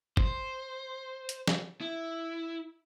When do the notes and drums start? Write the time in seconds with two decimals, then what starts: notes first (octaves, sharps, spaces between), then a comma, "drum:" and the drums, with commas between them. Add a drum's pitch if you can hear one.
0.17 C5, drum: kick
1.29 drum: hi-hat
1.48 drum: snare
1.81 E4